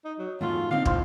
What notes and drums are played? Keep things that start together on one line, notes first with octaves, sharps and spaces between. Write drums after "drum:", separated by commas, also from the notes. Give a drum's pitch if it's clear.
D#4
F#3
E2 G#2 A3 F4
D3 C4 D#4 F5
F2 A2 F3 C6, drum: kick